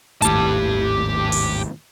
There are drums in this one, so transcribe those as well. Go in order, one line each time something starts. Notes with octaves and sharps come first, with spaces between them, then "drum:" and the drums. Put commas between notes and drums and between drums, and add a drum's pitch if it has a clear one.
G#1 D#2 A2 G4 A5, drum: hi-hat
drum: open hi-hat